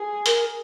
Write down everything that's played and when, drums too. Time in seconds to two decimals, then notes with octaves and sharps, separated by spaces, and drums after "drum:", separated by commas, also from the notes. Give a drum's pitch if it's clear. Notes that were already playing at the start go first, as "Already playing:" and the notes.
Already playing: G#4
0.26 A#4, drum: hi-hat